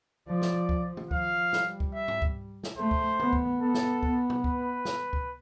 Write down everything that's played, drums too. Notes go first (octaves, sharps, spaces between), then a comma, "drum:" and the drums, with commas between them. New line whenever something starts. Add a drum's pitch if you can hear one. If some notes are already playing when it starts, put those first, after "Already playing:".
F3 D5
drum: snare
F3, drum: kick C#2
drum: tom D#3
F3 F5, drum: kick C#2
G3, drum: snare
drum: kick C#2
E5
drum: tom
drum: kick C#2
drum: snare
A3 C5
drum: kick C#2
B3, drum: tom D#3
drum: kick C#2
B3 A4
drum: snare
B3, drum: kick C#2
drum: tom
B4, drum: kick C#2
drum: snare
drum: kick C#2